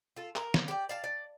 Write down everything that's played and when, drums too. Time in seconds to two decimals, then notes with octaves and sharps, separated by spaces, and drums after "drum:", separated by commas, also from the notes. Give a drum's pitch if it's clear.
0.17 F4 A4
0.36 A#4, drum: clap
0.54 drum: snare
0.68 G4 D5
0.89 D5 F5 A5
1.04 D5